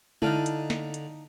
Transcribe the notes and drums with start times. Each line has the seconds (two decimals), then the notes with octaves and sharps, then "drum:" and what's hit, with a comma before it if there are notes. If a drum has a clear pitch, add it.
0.22 D3 D#4 E4 F5 A5, drum: tom G#3
0.46 drum: hi-hat
0.70 drum: snare
0.94 drum: hi-hat